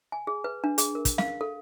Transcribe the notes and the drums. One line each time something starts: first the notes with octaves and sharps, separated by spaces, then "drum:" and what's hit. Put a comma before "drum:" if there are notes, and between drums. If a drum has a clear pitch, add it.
G#5
G#4
B4
D4
G#4, drum: hi-hat
A#4
drum: kick, hi-hat
F5, drum: snare
A4